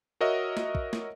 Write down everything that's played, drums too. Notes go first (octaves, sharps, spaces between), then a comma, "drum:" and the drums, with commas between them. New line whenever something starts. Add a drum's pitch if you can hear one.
F#4 A#4 C#5 D#5 E5
drum: snare
drum: kick
drum: snare